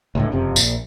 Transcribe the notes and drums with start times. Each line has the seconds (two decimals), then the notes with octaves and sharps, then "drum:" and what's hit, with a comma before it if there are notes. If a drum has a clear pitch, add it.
0.15 C#2 A2 D3
0.32 F#1 F2 C3
0.56 A#1, drum: tambourine